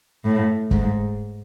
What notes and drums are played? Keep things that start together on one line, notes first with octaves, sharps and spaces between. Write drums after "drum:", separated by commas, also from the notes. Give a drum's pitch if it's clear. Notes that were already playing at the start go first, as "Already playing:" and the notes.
A2
G#2, drum: kick